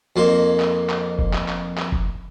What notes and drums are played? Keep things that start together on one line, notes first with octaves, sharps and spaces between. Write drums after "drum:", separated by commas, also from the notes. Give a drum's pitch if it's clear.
F2 A#3 D#4 C5
drum: clap
drum: clap
drum: kick F1
drum: clap
drum: clap
drum: clap
drum: kick F1